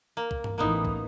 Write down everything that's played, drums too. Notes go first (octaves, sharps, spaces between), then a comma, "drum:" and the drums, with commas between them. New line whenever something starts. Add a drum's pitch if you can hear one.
A#3
drum: kick
drum: tom G2
A1 E3 A#3 B3 D#4
drum: kick